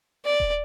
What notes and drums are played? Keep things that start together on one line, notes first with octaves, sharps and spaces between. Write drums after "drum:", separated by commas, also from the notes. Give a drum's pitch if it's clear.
D5
drum: kick D#1